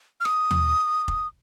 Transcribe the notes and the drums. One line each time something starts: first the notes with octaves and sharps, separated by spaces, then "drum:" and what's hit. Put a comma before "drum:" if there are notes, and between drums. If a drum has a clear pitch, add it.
F6
D#6, drum: rim click
drum: tom D#2
drum: kick F1